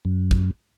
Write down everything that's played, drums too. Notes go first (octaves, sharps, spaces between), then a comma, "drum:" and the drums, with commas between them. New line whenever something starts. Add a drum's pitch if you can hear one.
F#2
drum: kick